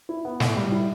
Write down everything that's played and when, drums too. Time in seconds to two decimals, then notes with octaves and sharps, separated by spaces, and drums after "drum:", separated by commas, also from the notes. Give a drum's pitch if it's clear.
0.09 E4
0.25 B3
0.40 A2, drum: snare
0.57 G3
0.72 E4